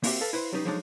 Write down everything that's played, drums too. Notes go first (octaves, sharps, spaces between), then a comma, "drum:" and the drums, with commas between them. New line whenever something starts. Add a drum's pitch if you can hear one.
A#3 C4 E4 F#4 G4 E5, drum: open hi-hat
A4 B4 F5
E4 B4 C5
F#3 G3 C#4 D#4 B4
F3 F#3 G#3 A3 D4 D#4